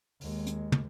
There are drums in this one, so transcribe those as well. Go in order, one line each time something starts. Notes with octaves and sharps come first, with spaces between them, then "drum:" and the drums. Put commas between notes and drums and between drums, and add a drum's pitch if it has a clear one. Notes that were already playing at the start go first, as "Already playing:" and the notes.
D#2 G#3, drum: open hi-hat
drum: hi-hat
drum: tom